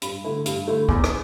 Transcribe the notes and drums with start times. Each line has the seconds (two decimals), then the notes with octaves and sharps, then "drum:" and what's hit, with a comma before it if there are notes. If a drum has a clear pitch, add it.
0.02 G2 B5, drum: hi-hat
0.24 D3 A3 E4
0.46 G2, drum: hi-hat
0.67 D3 A3 E4
0.89 E2 D6, drum: kick
1.04 drum: rim click